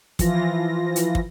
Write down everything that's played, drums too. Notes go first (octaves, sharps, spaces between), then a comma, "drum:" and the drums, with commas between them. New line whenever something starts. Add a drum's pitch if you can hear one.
E3 F3 E4 F4 A#6, drum: kick, hi-hat
drum: hi-hat
drum: kick